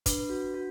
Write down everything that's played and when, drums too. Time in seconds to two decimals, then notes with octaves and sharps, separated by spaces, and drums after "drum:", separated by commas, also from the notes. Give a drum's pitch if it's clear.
0.06 D4 B4, drum: kick, hi-hat
0.30 F#4
0.54 F#4